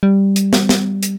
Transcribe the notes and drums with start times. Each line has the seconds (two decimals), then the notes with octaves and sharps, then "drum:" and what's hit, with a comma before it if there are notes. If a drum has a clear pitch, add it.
0.03 G3
0.36 drum: hi-hat
0.53 drum: snare
0.69 drum: snare
1.03 drum: hi-hat